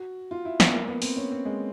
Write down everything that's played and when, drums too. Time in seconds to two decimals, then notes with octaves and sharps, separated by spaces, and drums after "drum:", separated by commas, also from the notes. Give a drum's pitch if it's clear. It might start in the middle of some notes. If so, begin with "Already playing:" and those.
Already playing: F#4
0.31 F4
0.45 E4
0.60 B3, drum: snare
0.74 A#3
0.88 B3
1.02 C4, drum: open hi-hat
1.17 C#4
1.32 C4
1.45 G#3